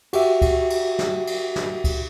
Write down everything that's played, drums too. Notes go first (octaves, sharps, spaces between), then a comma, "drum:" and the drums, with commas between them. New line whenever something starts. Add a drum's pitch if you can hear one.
F#4 G4 E5, drum: cymbal
drum: kick C#2, cymbal
drum: cymbal
drum: snare
drum: cymbal
drum: snare
drum: kick C#2, cymbal